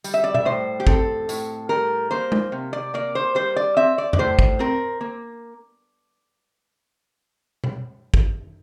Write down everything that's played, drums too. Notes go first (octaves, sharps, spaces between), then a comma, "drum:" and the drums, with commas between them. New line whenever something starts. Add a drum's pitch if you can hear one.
G3, drum: tambourine
E5
D5
E5, drum: tom B2
A2 C5
G4
C4 A4, drum: kick
A2, drum: tambourine
G3 A#4
A#3 C5
drum: tom G#3
C3
D5
A#3 D5
C5
G3 C5
D5
C4 E5
D5
D5, drum: tom E2
A2 C5
drum: kick
C4 A#4
A#3
drum: tom B2
drum: kick